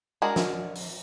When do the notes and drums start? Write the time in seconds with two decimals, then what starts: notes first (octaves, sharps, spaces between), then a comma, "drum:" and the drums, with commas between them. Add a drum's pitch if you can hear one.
0.22 G#3 D4 F#4 G#4 A#4
0.36 drum: snare
0.75 drum: open hi-hat